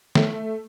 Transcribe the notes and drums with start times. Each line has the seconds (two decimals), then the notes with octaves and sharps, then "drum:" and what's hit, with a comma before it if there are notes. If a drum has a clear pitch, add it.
0.15 A3, drum: snare